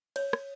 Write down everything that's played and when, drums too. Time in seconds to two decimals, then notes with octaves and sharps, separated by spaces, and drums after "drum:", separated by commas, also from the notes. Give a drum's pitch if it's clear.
0.16 C#5, drum: cymbal
0.33 drum: rim click